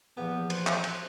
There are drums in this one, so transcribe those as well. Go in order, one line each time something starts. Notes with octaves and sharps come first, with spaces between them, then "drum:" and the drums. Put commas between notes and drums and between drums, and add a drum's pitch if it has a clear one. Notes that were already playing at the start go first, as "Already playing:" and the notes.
A#1 E2 B3 G4
C5, drum: cymbal
drum: clap
drum: cymbal